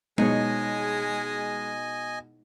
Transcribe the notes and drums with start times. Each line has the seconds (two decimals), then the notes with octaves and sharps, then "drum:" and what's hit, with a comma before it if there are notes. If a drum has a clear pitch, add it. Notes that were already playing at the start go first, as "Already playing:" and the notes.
0.18 B2 G#3 D#4 G#4 C#5 D#5 G#5, drum: tom G#3